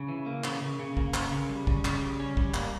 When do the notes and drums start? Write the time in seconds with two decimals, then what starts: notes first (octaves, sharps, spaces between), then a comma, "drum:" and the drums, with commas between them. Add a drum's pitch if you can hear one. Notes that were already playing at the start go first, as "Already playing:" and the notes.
Already playing: C#3
0.08 E3
0.26 A#3
0.44 C#3, drum: clap
0.61 C#3
0.79 C#3
0.97 A#3, drum: kick
1.14 C#3, drum: clap
1.32 C#3
1.49 G3
1.67 C#3, drum: kick
1.85 C#3, drum: clap
2.01 G3
2.20 C#4
2.37 G3, drum: kick
2.54 A#3, drum: clap